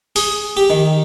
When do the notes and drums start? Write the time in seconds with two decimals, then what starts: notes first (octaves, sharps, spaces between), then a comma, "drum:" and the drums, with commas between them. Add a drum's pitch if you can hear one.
0.16 G#4, drum: open hi-hat
0.57 G4
0.70 D#3